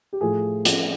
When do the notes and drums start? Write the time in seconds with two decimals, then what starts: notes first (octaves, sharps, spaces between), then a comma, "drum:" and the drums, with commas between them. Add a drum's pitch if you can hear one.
0.13 G4
0.21 A2 F3 A3 G#4
0.65 F3 A3 C#4, drum: hi-hat